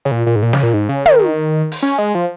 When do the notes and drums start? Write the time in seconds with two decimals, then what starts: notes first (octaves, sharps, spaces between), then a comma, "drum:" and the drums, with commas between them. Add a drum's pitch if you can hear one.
0.05 C#3
0.11 A#2
0.27 A#2
0.36 G#2
0.43 A#2
0.53 C#3, drum: snare
0.63 A#2
0.74 G#2
0.89 C#3
1.06 D#3, drum: tom
1.72 drum: open hi-hat
1.82 C#4
1.98 G#3
2.15 F3